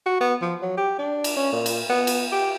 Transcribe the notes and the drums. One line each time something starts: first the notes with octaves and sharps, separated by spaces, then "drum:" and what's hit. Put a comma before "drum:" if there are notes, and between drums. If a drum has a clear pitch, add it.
F#4
B3
F3
F#3
G4
D4
drum: cymbal
C#4
A#2
drum: cymbal
B3
drum: cymbal
G4